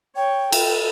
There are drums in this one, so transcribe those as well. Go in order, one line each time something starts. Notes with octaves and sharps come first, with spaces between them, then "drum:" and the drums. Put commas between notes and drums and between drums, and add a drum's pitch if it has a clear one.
C#5 G5
A4, drum: cymbal